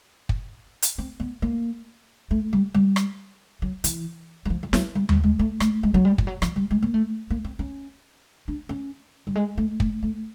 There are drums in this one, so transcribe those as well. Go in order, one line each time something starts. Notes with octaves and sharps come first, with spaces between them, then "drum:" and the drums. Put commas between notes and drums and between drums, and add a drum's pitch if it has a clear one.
drum: kick
drum: hi-hat
C4
B3
A#3
A3
G3
G3
drum: rim click
F#3
E3, drum: hi-hat
F#3
F3
F3
F#3, drum: snare
G3
G3, drum: tom D#2
G#3
A3
A3, drum: rim click
G#3
F#3
G3
F3, drum: kick
F#3
F3, drum: rim click
G3
G#3
A#3
A3
A#3
C4
C#4
D4
C#4
G3
G#3
A3
A3, drum: kick
A3